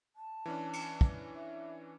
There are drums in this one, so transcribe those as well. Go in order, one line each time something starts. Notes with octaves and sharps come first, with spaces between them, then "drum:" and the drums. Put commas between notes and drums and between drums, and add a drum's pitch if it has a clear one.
A5
E3 C#4 D4
drum: cymbal
drum: kick
E5